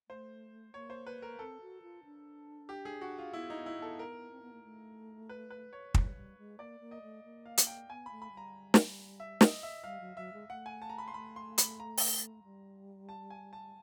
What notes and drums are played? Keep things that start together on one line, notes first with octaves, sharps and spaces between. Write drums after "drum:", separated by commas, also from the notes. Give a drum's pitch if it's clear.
A3 C5
A#3 C#5
C5
B4
A#4
C4 A4
F#4
F4
D4
G4
G#4
F#4
F4
B3 E4
D#4
B3
E4
B3 A4
A#4
C4
B3
A#3
A3
B4
B4
C#5
G3, drum: kick
G3
G#3
A#3 D5
A#3
D#5
A3
A#3
F5
drum: hi-hat
G5
B3 G#5
A3 B5
B5
G3 A#5
drum: snare
E5
D#5, drum: snare
E5
G3 F5
F#3
F#3 E5
G#3
A3 F#5
G#5
A5
A#5
B5
C6
A3 B5
C6
B5, drum: hi-hat
A#5
drum: open hi-hat
G3
A5
G#5
A5